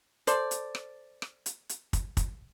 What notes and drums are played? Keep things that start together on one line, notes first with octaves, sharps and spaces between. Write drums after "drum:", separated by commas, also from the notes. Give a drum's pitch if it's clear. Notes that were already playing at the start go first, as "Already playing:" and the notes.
A4 C5 D5, drum: hi-hat
drum: hi-hat
drum: rim click
drum: rim click
drum: hi-hat
drum: hi-hat
drum: kick, hi-hat
drum: kick, hi-hat